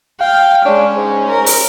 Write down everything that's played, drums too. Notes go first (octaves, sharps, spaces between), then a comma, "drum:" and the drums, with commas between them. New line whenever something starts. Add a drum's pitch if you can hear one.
F5 G5
G#3 C#4 D4
G#2
A#4
drum: open hi-hat